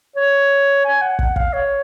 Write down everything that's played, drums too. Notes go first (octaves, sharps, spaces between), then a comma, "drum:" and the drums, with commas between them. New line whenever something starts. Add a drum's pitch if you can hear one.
C#5
G#5
F#5
F#5, drum: kick
F5, drum: kick
C#5